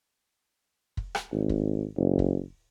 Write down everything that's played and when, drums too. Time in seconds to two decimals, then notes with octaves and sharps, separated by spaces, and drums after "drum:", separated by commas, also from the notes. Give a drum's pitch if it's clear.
0.97 drum: kick
1.15 drum: rim click
1.32 G#1
1.49 drum: kick
1.97 F#1
2.19 drum: kick